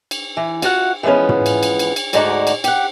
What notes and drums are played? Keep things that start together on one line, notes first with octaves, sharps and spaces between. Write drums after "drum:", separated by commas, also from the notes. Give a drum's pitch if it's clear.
drum: cymbal
E3
F4 F#4 F#5, drum: cymbal
E3 F3 G#3 B3 C#4
drum: tom
drum: cymbal
drum: cymbal
drum: cymbal
drum: cymbal
D2 G#2 D3 D#4 F#4 D5, drum: cymbal
drum: cymbal
G4 F#5, drum: cymbal